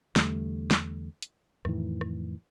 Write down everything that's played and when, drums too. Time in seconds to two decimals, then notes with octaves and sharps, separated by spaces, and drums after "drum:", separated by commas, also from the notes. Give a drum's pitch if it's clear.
0.16 E2 D3 G3 A3, drum: snare
0.71 drum: snare
1.22 drum: hi-hat
1.65 F2 A2 D#3 E3, drum: rim click
2.01 drum: rim click